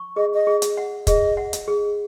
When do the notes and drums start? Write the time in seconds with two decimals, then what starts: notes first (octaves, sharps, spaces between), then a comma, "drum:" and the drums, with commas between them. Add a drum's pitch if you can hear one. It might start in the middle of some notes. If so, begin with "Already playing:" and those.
Already playing: C#6
0.16 G#4 D#5
0.34 D#5
0.47 G#4
0.62 drum: hi-hat
0.77 F#5
1.07 G#4 D#5, drum: kick, hi-hat
1.37 F#5
1.53 drum: hi-hat
1.68 G#4